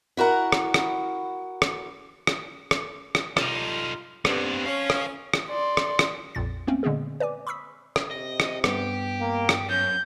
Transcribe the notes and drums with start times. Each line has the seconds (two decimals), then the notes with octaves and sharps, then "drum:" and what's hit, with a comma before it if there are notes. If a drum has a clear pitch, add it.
0.17 E4 F#4 A#4 F#5
0.52 drum: rim click
0.74 drum: rim click
1.62 drum: rim click
2.27 drum: rim click
2.71 drum: rim click
3.15 drum: rim click
3.37 G3 D#4 F4 A4, drum: rim click
4.25 G2 B3 C4, drum: rim click
4.66 C#4 C5 F5
4.90 drum: rim click
5.34 drum: rim click
5.49 D5 C6
5.77 drum: rim click
5.99 drum: rim click
6.35 A#1 F2 A#2 A6
6.67 A3 A#3 C4 C#4
6.83 A#2 D3 G#3 A#3 B3 G#4
7.20 B4 D5 G#5 D6
7.47 B5 C#6 D#6 E6 B6
7.96 drum: rim click
8.11 C3 D#5
8.40 drum: rim click
8.64 G2 B3 G4, drum: rim click
9.21 A#3
9.49 drum: rim click
9.69 F#2 C#4 G6